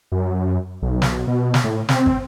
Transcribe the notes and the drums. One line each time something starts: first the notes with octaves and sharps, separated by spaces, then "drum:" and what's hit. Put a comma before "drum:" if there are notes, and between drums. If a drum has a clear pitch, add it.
F#2
B1
drum: snare
B2
drum: snare
A2
C4, drum: snare
drum: kick